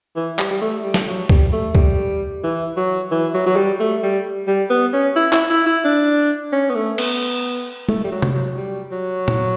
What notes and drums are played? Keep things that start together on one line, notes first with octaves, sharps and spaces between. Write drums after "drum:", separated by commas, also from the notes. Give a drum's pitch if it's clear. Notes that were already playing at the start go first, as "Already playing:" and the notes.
E3
G3, drum: clap
G3
A3
G3
drum: snare
F#3
G3, drum: kick C#2
A3
G3, drum: kick C#2
E3
F#3
E3
F#3
F#3
G3
A3
G3
G3
B3
C#4
E4
E4, drum: clap
E4
E4
D4
C#4
B3
A3
B3, drum: cymbal
A3, drum: tom
G3
F#3
drum: tom C3
F#3
G3
F#3
drum: tom A#2